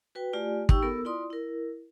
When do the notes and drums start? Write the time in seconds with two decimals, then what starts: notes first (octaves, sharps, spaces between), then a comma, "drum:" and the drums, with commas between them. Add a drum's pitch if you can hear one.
0.15 F#4 B4 G5
0.33 A3 F4 G4 D5 G#5
0.69 D#4 G4 G5 C#6 E6, drum: kick
0.82 B3 A4 A#4 E6
1.05 E4 F4 D5 C6 D#6
1.30 E4 A#4